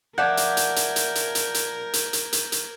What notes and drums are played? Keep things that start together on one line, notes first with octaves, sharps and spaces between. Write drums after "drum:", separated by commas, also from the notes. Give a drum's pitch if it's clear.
F3 A#4 D5 E5 F#5 G6 G#6
drum: hi-hat
drum: hi-hat
drum: hi-hat
drum: hi-hat
drum: hi-hat
drum: hi-hat
drum: hi-hat
drum: hi-hat
drum: hi-hat
drum: hi-hat
drum: hi-hat